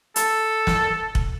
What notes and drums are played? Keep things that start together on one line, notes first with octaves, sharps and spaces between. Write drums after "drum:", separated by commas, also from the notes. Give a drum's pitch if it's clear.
A4, drum: hi-hat
drum: snare
drum: kick